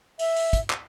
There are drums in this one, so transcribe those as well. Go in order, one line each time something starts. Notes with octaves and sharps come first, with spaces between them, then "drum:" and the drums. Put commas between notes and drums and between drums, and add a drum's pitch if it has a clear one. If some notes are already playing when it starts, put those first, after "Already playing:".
E5, drum: open hi-hat
drum: open hi-hat
drum: kick, hi-hat
drum: clap